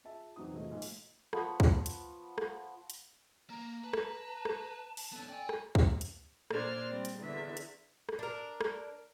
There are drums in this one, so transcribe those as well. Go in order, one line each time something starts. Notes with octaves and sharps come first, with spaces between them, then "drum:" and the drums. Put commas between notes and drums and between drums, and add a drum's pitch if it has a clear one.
F4 G#4 E5 A5
E2 F#3 C4 D#4 D#6
E1 B1 C3 A3 F4 D#5
B1 G#2 A3
drum: open hi-hat
F3 B3 B5 C#6, drum: rim click
drum: kick
drum: hi-hat
drum: rim click
drum: hi-hat
A#3 A#5
B4 A5
drum: rim click
A#5
drum: rim click
drum: open hi-hat
B3 C#4 A4
D5 G5 G#5
drum: rim click
drum: kick
drum: hi-hat
A#2 D4 C5 D5 F6 G#6, drum: rim click
G3 C4
drum: hi-hat
E2 D3 E5
drum: hi-hat
drum: rim click
D4 A#4
drum: rim click